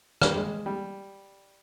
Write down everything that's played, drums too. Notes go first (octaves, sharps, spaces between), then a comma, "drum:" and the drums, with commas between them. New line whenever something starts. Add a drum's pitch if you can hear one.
G3, drum: rim click
G#3
G3